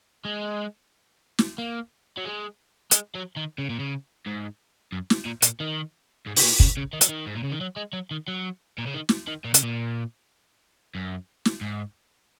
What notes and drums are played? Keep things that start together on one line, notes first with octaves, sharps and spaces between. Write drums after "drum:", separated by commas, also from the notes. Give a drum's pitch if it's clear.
G#3
drum: snare
A#3
F#3
G#3
G#3, drum: hi-hat
F#3
D#3
C#3
A#2
C#3
G#2
F#2
drum: snare
A#2
A#2, drum: hi-hat
D#3
G#2
C#3, drum: open hi-hat
A#2
C#3, drum: kick
C#3
D#3
F#3, drum: hi-hat
D#3
G#2
A#2
C#3
D#3
F#3
G#3
F#3
D#3
F#3
A#2
C#3
D#3
drum: snare
D#3
A#2
C#3, drum: hi-hat
A#2
F#2
drum: snare
G#2